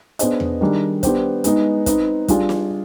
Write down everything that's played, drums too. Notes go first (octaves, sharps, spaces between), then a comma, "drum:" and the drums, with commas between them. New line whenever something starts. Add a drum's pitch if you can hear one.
B3 D4 G#4 C5 D#5, drum: hi-hat
drum: tom E2
D#3 G3 D4 G#4
B3 D4 G4 C5, drum: kick, hi-hat
G#3 B3 D#4, drum: hi-hat
C4 D#4 B4, drum: kick, hi-hat
G3 D4 F4 G#4, drum: kick, hi-hat
drum: snare